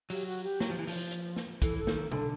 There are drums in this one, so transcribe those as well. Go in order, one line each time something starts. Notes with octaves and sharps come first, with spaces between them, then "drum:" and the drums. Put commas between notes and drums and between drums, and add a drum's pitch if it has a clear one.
F#3 G4, drum: open hi-hat
F#4
G4
F#3, drum: snare
F3
E3
F3, drum: open hi-hat
drum: hi-hat
drum: snare
E3 A4, drum: kick, hi-hat
A4
D#3, drum: snare
A4
D3 A4, drum: tom B2